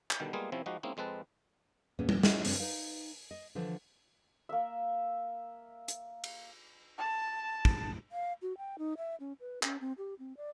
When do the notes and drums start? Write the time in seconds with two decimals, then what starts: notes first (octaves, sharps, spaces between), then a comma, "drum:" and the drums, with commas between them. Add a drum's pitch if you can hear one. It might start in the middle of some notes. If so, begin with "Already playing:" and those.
0.11 drum: clap
0.20 B2 D3 D#3 G3
0.33 G3 G#3 A#3 B3 F4 G#4
0.52 C3 F3 C4 C#4 E4
0.66 F3 G#3 D#4 F#4 G4
0.83 G#3 A#3 C4 C#4 D#4 E4
0.97 F2 G#3 C4 B4 A5
1.99 E2 A#2 B3 C#4 G#4
2.09 drum: tom
2.23 G#3 A3 C#4 E4 F#4 C5, drum: snare
2.45 G2 C#3 C4 D4, drum: open hi-hat
2.60 D#4 B4 F5
3.31 D#5
3.55 D3 E3 F3 A4
4.49 A#3 E5
5.88 drum: hi-hat
6.24 drum: cymbal
6.98 A5
7.65 drum: kick
8.12 F5
8.42 F#4
8.58 G5
8.78 D#4
8.97 E5
9.20 C#4
9.40 B4
9.63 C#4, drum: clap
9.81 C4
9.98 G4
10.19 C4
10.37 D5